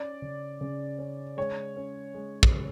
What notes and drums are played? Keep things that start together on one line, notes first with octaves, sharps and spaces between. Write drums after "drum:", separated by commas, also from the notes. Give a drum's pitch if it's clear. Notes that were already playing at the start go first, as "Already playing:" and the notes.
Already playing: C#4 D5
C#3
C#3
C#4
G#3 C#5
C#4
G#3
drum: kick
C#3